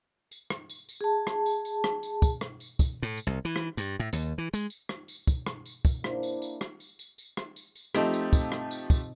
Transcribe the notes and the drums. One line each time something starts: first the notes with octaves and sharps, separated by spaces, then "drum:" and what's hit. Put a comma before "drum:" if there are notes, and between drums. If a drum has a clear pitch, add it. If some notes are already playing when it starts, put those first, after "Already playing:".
drum: tambourine
drum: rim click
drum: tambourine
drum: tambourine
G#4 A5
drum: rim click
drum: tambourine
drum: tambourine
drum: rim click
drum: tambourine
drum: kick, tambourine
drum: rim click
drum: tambourine
drum: kick, tambourine
A2
drum: tambourine
C2
E3
drum: rim click
G2, drum: tambourine
A2
D#2, drum: tambourine
E3
G#3, drum: tambourine
drum: tambourine
drum: rim click
drum: tambourine
drum: kick, tambourine
drum: rim click
drum: tambourine
drum: kick, tambourine
A#3 D4 E4 C5, drum: rim click
drum: tambourine
drum: tambourine
drum: rim click
drum: tambourine
drum: tambourine
drum: tambourine
drum: rim click
drum: tambourine
drum: tambourine
F3 A3 C4 D#4 G4, drum: rim click
drum: tambourine
drum: kick, tambourine
drum: rim click
drum: tambourine
drum: kick, tambourine